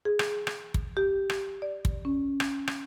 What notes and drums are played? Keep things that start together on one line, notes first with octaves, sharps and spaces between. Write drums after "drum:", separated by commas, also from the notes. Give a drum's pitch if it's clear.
G#4
drum: rim click
drum: rim click
drum: kick
G4
drum: rim click
D5
drum: kick
C#4
drum: rim click
drum: rim click